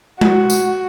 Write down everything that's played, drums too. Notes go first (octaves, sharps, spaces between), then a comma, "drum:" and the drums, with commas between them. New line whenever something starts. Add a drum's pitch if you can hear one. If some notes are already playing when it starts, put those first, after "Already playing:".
F#4, drum: tom G#3
drum: tambourine